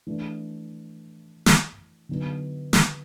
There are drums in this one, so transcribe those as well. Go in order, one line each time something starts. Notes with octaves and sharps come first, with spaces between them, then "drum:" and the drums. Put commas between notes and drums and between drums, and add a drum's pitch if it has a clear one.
E3 A3 D4
drum: snare
D3 F#3 B3 D#4
drum: snare